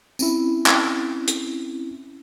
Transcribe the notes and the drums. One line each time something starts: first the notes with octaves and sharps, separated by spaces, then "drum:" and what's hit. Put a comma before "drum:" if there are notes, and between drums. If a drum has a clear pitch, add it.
C4 C#4 E4, drum: tambourine
drum: clap
drum: hi-hat